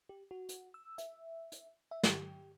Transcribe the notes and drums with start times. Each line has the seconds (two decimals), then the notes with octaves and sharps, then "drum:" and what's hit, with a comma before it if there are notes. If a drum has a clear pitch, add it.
0.09 G4
0.31 F#4
0.49 drum: hi-hat
0.74 E6
0.98 E5, drum: hi-hat
1.52 drum: hi-hat
1.91 E5
2.03 G4, drum: snare